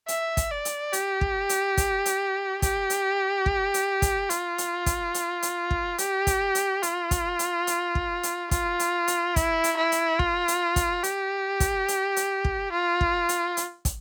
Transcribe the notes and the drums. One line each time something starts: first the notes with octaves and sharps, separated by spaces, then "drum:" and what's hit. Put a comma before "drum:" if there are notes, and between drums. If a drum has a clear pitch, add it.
E5, drum: hi-hat
drum: kick, hi-hat
D5
drum: hi-hat
G4, drum: hi-hat
drum: kick
drum: hi-hat
drum: kick, hi-hat
drum: hi-hat
G4, drum: kick, hi-hat
drum: hi-hat
drum: kick
drum: hi-hat
drum: kick, hi-hat
F4, drum: hi-hat
drum: hi-hat
drum: kick, hi-hat
drum: hi-hat
drum: hi-hat
drum: kick
G4, drum: hi-hat
drum: kick, hi-hat
drum: hi-hat
F4, drum: hi-hat
drum: kick, hi-hat
drum: hi-hat
drum: hi-hat
drum: kick
drum: hi-hat
F4, drum: kick, hi-hat
drum: hi-hat
drum: hi-hat
E4, drum: kick, hi-hat
drum: hi-hat
E4
drum: hi-hat
F4, drum: kick
drum: hi-hat
drum: kick, hi-hat
G4, drum: hi-hat
drum: kick, hi-hat
drum: hi-hat
drum: hi-hat
drum: kick
F4
drum: kick
drum: hi-hat
drum: hi-hat
drum: kick, hi-hat